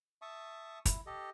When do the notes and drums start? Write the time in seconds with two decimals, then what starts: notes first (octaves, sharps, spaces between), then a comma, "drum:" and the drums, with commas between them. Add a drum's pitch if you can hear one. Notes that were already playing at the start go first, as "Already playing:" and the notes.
0.22 E5 A5 C#6 D#6
0.85 E4, drum: kick, hi-hat
1.06 G4 A4 D#5